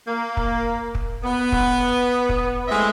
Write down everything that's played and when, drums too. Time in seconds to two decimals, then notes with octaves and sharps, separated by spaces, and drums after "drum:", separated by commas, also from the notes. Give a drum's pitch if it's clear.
0.08 A#3
0.37 drum: kick
0.95 drum: kick
1.23 B3
1.52 drum: kick
2.29 drum: kick
2.68 G#3 A3 C4 E4 D#5 E5